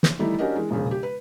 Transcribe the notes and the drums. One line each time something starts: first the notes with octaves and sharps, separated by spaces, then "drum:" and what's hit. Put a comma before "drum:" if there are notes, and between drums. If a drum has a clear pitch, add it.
drum: snare
D#3 E3 G3 A3 D#4 E4
C#4 D4 F#4 G4 A#4 D#5
E3 G#3
E1 A#1 C#3
G4
B4